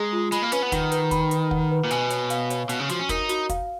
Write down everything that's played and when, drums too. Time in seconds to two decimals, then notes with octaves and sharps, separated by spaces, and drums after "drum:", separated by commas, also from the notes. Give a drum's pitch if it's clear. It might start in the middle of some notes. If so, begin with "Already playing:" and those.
Already playing: G#3 G#4 D#5 A#5
0.13 F4
0.32 G#3 B5, drum: hi-hat
0.43 A#3
0.52 C#4 B4, drum: hi-hat
0.62 B3
0.72 D#3 F#5, drum: kick, hi-hat
0.92 B4, drum: hi-hat
1.11 B5, drum: kick, hi-hat
1.31 B4, drum: hi-hat
1.51 F#5, drum: kick
1.71 B4
1.84 A#2
1.91 B2 G#5, drum: hi-hat
2.10 C#5, drum: hi-hat
2.30 F5, drum: hi-hat
2.50 C#5, drum: hi-hat
2.69 B2 C#5, drum: hi-hat
2.80 C#3
2.89 F3 F#4, drum: hi-hat
3.00 C#4
3.09 D#4 A#4, drum: kick, hi-hat
3.29 F#4, drum: hi-hat
3.49 F5, drum: kick, hi-hat